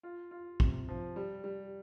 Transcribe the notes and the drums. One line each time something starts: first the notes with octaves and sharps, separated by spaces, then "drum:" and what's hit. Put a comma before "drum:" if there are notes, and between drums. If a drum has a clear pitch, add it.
F4
F4
C3, drum: kick
F3
G3
G3